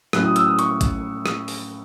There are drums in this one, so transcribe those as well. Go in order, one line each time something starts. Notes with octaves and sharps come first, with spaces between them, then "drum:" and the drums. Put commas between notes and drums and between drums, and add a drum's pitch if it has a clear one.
A2 F#3 C#4 E4 F#6, drum: rim click
D#6
E6, drum: hi-hat
D#6
C#6, drum: hi-hat
drum: kick A1, hi-hat
drum: rim click
drum: open hi-hat